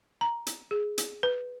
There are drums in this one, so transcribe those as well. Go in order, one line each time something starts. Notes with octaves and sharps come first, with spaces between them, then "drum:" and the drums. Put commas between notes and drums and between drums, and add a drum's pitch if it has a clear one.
A#5
drum: hi-hat
G#4
drum: hi-hat
B4